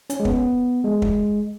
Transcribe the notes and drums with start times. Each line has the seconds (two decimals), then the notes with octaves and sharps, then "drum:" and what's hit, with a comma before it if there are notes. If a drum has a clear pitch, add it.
0.10 C#4, drum: hi-hat
0.20 G#3
0.25 B3, drum: kick
0.84 G#3
1.02 drum: kick